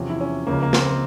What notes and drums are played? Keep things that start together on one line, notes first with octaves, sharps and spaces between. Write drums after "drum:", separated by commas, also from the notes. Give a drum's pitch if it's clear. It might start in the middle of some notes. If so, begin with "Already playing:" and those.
Already playing: E2 C3 F3 C#4
E4
C#4
C#2 C#3 F3 A#3
A#3
C4, drum: snare